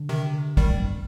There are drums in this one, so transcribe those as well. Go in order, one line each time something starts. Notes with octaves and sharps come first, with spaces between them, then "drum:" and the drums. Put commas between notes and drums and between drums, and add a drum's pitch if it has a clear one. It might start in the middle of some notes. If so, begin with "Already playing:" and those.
Already playing: D3
C3 D#3
A#2 D#3 G3, drum: kick
A2
G2